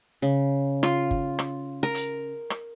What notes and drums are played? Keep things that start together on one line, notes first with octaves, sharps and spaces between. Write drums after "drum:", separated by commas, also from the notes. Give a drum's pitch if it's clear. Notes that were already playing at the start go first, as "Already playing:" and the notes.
C#3
F4, drum: rim click
drum: kick G1
drum: rim click
A#4
drum: hi-hat
drum: rim click